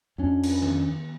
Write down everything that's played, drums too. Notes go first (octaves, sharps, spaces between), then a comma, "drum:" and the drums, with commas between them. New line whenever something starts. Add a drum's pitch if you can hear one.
F2 C#4 D4
drum: cymbal
drum: tom D#3